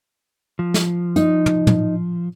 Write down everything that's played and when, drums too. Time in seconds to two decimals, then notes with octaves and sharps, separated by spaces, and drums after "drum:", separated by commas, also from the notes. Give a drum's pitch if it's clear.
0.59 F3
0.74 drum: snare
1.16 D#4, drum: hi-hat
1.46 drum: tom
1.67 drum: tom